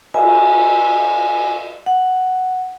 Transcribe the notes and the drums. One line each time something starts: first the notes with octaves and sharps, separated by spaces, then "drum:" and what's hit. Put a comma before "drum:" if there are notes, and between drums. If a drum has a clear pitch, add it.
G#5, drum: cymbal
F#5